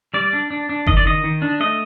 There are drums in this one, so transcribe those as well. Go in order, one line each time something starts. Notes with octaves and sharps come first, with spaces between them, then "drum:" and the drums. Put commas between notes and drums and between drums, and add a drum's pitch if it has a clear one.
G3 D5
D4
D4
D4
D#3 D#5, drum: kick F#1
D5
D#3 D#5
D#3
D4
A3 D#5